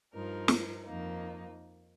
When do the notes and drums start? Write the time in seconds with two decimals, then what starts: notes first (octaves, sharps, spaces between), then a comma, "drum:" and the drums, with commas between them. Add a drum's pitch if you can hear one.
0.12 G2 F3 D#4 A#4
0.48 drum: snare
0.85 F2 D#3 A#3 D#4